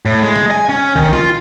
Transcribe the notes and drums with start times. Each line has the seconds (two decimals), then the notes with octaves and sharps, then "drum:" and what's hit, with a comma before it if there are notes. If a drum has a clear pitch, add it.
0.06 A2
0.22 G#3
0.36 drum: snare
0.51 G#5
0.69 C#4
0.96 D#3, drum: kick B1
1.13 F4, drum: snare